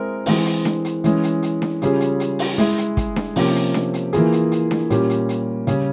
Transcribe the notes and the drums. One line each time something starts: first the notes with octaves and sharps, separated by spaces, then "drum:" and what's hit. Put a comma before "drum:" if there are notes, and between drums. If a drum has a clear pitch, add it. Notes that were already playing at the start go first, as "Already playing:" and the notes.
Already playing: G#3 C4 E4 A#4
E3 G#3 C4, drum: open hi-hat
drum: hi-hat
drum: snare D4
drum: hi-hat
E3 G#3 C#4, drum: hi-hat
drum: hi-hat
drum: hi-hat
drum: snare D4
C#3 G3 C#4 F4 G#4, drum: hi-hat
drum: hi-hat
drum: hi-hat
drum: open hi-hat
G#3 E4 G#4, drum: hi-hat
drum: hi-hat
drum: kick, hi-hat
drum: snare D4
C3 F3 A#3 C#4 G4, drum: open hi-hat
drum: hi-hat
drum: snare D4
drum: hi-hat
E3 A#3 F4 G#4, drum: hi-hat
drum: hi-hat
drum: hi-hat
drum: snare D4
A#2 G3 C#4 G4, drum: hi-hat
drum: hi-hat
drum: hi-hat
C#3 G3 C#4, drum: hi-hat